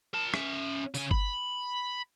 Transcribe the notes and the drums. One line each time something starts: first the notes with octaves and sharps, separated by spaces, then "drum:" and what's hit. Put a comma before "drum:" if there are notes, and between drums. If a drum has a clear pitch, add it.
A#4 A5
C#4 E5, drum: rim click
C#3 G#5, drum: tambourine
B5, drum: kick G1